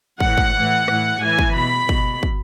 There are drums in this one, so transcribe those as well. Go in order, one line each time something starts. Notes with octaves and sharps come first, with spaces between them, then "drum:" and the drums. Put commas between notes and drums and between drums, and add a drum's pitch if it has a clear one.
A2 E3 F#5, drum: kick
drum: kick
A2 E3
A2 E3, drum: rim click
A2 E3 G#5
drum: kick
B2 B5
B2, drum: kick
drum: kick